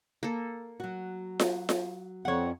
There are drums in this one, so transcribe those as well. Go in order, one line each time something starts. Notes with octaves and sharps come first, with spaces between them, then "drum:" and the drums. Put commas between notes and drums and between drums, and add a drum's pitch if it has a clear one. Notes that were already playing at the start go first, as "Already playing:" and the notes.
A#3 A4
F#3 F#4
drum: snare F4
drum: snare F4
F2 C#5 F#5